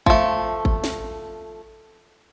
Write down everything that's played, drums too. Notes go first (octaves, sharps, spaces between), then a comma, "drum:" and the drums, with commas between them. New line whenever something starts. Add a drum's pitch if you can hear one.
F3 A3, drum: kick G#1
drum: kick G#1
drum: snare